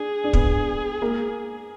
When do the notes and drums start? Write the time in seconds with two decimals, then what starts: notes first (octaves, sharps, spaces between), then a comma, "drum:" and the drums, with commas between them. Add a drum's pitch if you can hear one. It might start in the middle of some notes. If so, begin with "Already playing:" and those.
Already playing: D4 G#4
0.24 D4
0.33 B3, drum: kick
1.02 A#3